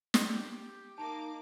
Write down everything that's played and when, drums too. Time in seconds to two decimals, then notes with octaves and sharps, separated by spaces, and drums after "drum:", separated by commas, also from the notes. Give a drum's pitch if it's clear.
0.14 drum: snare
0.27 G4
0.98 A#3 D#4 A5 D6 D7